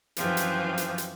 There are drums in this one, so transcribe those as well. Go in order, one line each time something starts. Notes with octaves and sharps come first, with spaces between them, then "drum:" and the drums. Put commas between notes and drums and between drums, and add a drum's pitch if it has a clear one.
F#2 E3 F3 C4, drum: hi-hat
drum: hi-hat
drum: hi-hat
drum: hi-hat